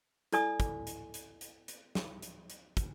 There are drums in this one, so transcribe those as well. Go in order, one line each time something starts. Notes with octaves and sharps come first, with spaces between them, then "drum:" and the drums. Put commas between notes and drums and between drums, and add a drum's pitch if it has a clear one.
E4 A4 D5 G#5 D#6, drum: hi-hat
drum: kick, hi-hat
drum: hi-hat
drum: hi-hat
drum: hi-hat
drum: hi-hat
drum: snare
drum: hi-hat
drum: hi-hat
drum: kick, hi-hat